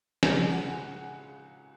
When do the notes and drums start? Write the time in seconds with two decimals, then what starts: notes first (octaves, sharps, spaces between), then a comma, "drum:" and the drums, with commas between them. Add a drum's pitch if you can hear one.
0.23 C#2 C#3 G#3 G#5, drum: snare
0.50 F#5